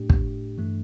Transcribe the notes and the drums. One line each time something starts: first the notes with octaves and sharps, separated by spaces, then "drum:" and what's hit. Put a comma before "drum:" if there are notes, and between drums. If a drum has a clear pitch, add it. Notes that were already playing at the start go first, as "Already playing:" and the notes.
Already playing: A2 A3 D4 G4
drum: kick
G2 E3 A3 D4